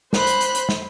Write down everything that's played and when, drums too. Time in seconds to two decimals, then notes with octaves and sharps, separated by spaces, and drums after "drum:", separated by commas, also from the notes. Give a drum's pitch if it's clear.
0.13 C5 B5 F#6, drum: snare
0.27 drum: hi-hat
0.41 drum: hi-hat
0.55 drum: hi-hat
0.69 drum: snare